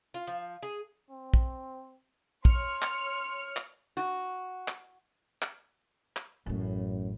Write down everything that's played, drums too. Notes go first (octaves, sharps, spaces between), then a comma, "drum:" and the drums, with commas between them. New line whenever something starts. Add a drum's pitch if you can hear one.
F4
F3
G#4
C4
drum: kick
C#5 C6 F6 C#7, drum: kick
drum: clap
drum: clap
F#4
drum: clap
drum: clap
drum: clap
A1 F#2 A2